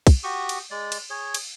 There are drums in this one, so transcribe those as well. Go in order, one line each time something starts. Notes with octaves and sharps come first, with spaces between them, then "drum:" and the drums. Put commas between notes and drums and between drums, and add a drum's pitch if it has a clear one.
drum: kick, cymbal
F#4 G4 C#6 D#6
drum: cymbal
G#3 D5
drum: cymbal
G#4 C#5
drum: cymbal